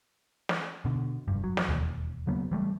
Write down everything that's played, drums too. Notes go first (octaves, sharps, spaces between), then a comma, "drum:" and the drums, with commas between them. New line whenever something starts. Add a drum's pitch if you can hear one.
drum: snare
B2 D3
F1 G2
F#3
drum: snare
E1 D#2
C#3 F#3 A#3 B3
E3 G3 A3